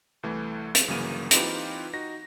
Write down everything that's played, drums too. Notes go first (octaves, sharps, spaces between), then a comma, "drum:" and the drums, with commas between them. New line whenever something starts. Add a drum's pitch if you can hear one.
C2 E3 A3
drum: hi-hat
G1 C#3 E3 F#3 A#3 D#7
E3 C4 D#4 F4 G4 B4, drum: hi-hat
D#4 F#4 A#6